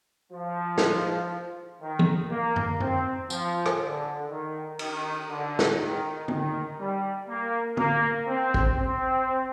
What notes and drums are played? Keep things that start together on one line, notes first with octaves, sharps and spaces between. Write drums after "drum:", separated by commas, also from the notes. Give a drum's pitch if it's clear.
F3
drum: snare
D#3
drum: tom
A#3
drum: tom F#2
C4, drum: tom F#2
F3, drum: tambourine
drum: rim click
D3
D#3
D#3, drum: cymbal
D3
drum: snare
D#3
D#3, drum: tom
G3
A#3
A#3, drum: tom
C4
drum: kick
C4